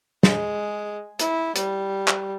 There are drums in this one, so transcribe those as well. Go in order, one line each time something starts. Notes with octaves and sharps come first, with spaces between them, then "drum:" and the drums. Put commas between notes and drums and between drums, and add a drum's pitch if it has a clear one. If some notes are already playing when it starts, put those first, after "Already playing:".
G#3, drum: snare
E4, drum: hi-hat
G3, drum: hi-hat
drum: clap